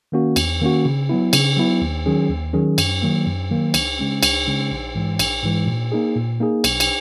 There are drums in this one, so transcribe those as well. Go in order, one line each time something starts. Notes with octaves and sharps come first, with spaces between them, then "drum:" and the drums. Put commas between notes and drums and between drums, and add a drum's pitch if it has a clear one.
D#3 A#3 C#4 F#4
E2, drum: cymbal
D#3 A#3 C#4 F#4
C#3
F#3 B3 E4
C#3, drum: cymbal
F#3 B3 E4
D#2
D#3 F#3 C#4 G#4
D#2
D#3 F#3 C#4 G#4
F#2, drum: cymbal
D#3 F#3 A#3
F#2
D#3 F#3 A#3
C#2, drum: cymbal
C#3 G#3 C#4
C#2, drum: cymbal
C#3 G#3 C#4
A#1
G#2 E3 G#3
A#1, drum: cymbal
G#2 E3 G#3
A#2
A#3 D#4 G#4
A#2
A#3 D#4 G#4
B1, drum: cymbal
drum: cymbal